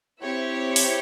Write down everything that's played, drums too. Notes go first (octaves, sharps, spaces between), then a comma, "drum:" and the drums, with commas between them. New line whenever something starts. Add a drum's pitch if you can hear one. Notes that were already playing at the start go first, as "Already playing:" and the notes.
C4 E4 G4 C#5
drum: open hi-hat